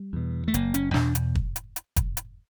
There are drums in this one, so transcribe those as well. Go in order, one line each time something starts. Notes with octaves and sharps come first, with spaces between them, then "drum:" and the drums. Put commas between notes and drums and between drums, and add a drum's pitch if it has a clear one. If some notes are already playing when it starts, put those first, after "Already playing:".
Already playing: G3
E2 B2
A3
F#1 A#3, drum: hi-hat
C#4, drum: hi-hat
E2 B2 D4, drum: snare
drum: hi-hat
drum: kick
drum: hi-hat
drum: hi-hat
drum: kick, hi-hat
drum: hi-hat